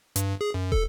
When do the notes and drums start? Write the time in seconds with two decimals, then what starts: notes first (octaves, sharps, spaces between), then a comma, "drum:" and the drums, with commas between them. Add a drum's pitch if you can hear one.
0.16 G2, drum: hi-hat
0.41 G#4
0.54 F#2
0.72 A4, drum: kick